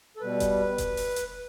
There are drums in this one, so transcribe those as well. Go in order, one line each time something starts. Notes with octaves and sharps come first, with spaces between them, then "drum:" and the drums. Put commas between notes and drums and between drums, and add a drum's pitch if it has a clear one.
A4
B2 G3 B4
drum: kick F1, hi-hat
drum: kick F1, hi-hat
drum: open hi-hat
drum: hi-hat